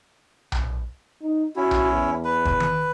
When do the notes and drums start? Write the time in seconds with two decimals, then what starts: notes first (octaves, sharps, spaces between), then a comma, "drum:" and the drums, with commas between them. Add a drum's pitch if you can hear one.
0.52 drum: tom B1
1.22 D#4
1.56 C#4 E4 F#4
1.71 drum: tom B1
1.91 E2
2.25 B4
2.45 drum: kick
2.60 drum: tom D#3